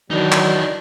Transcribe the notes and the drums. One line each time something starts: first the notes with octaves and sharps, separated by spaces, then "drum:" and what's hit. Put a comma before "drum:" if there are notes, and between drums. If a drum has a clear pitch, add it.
D#3 E3 F#3 D4 D#4
drum: clap